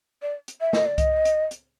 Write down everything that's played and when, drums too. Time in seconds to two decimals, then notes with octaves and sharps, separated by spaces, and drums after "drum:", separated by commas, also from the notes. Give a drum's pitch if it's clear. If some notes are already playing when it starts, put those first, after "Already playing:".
0.22 D5
0.48 drum: hi-hat
0.61 E5
0.73 D#5, drum: snare
0.86 D5
0.98 D#5, drum: kick C2, hi-hat
1.25 drum: hi-hat
1.51 drum: hi-hat